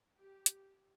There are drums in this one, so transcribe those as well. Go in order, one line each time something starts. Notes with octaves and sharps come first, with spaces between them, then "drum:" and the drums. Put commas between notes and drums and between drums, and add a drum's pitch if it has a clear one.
G4
drum: hi-hat